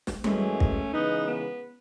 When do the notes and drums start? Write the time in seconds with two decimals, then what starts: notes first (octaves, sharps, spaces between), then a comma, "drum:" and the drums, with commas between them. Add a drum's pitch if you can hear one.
0.07 drum: snare
0.24 F#2 E3 G#3 A3 C#4, drum: tom G3
0.60 drum: kick
0.93 C#3 E3 G#3 B3 D#4
1.28 B3